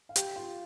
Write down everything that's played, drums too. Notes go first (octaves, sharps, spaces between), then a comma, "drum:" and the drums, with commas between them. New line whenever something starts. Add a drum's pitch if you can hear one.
F5
G4 G5, drum: hi-hat
F4 F5